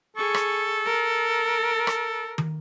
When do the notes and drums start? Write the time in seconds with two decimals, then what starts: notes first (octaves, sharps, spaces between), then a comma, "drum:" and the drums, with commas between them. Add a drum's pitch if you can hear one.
0.16 G#4 A4 C#6
0.34 drum: rim click
0.85 A#4
1.87 drum: rim click
2.38 drum: tom